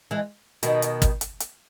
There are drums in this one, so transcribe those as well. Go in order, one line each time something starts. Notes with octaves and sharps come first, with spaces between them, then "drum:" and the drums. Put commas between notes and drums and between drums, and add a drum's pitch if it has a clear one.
E3 G#3
B2 D#3, drum: hi-hat
drum: hi-hat
drum: kick, hi-hat
drum: hi-hat
drum: hi-hat